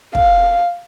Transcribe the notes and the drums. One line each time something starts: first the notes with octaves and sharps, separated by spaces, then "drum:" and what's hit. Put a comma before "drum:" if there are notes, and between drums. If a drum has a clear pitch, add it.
F5, drum: kick